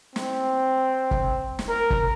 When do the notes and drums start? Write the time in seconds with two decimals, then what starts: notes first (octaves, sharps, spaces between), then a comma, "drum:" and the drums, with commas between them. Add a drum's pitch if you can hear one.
0.16 C4, drum: snare
1.11 drum: kick
1.59 drum: snare
1.69 A#4
1.90 drum: kick